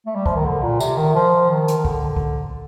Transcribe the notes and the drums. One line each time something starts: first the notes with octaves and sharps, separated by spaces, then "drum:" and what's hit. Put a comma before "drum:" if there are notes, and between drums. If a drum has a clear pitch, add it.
A3
G3
F3, drum: kick
D#3
D3
A#2
C3, drum: tambourine
D#3
F3
D#3
drum: hi-hat
D#3
D3, drum: kick
drum: kick